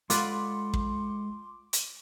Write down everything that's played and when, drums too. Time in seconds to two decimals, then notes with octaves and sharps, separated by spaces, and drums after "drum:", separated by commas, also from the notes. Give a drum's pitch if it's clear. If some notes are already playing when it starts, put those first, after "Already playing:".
0.10 G#3 F4 A4 B4 D5 F#5 C6 D6, drum: hi-hat
0.73 drum: kick
1.73 drum: hi-hat